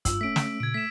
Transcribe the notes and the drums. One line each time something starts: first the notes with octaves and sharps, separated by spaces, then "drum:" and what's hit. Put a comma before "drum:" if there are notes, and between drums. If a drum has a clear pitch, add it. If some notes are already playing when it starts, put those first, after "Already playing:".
G2 F4 E6, drum: kick, hi-hat
A3 C#4 B6 D7
drum: snare
A#2 C#3 G#6 D7
A3 B6 E7